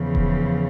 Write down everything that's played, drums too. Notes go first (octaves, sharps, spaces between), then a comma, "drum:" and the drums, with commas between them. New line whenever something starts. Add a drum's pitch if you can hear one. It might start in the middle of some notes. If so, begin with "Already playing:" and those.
Already playing: E2 C#3 F3
drum: kick D#1